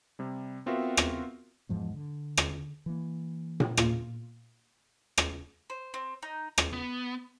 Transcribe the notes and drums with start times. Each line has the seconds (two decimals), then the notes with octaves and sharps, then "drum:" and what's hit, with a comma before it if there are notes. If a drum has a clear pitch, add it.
0.19 C3 G3
0.66 B3 C4 F4 F#4 A#4 E5
0.97 drum: rim click
1.69 E2 G#2 F3 G#3
1.94 D3
2.37 drum: rim click
2.86 E3 A#3
3.60 drum: tom A#2
3.77 A#2 F4, drum: rim click
5.18 drum: rim click
5.70 C5
5.94 C4
6.23 D#4
6.58 drum: rim click
6.73 B3